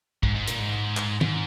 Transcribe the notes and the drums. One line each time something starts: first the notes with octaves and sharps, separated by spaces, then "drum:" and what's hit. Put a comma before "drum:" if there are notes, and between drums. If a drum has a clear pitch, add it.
G#2, drum: kick
G#2
A#2, drum: hi-hat
G#2
drum: clap
G#2, drum: tom